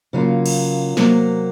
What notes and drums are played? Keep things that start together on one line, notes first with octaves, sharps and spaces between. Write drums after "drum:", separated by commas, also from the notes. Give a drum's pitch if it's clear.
C#3 F#3 A#3 F4
drum: cymbal
C3 F#3 A#3, drum: snare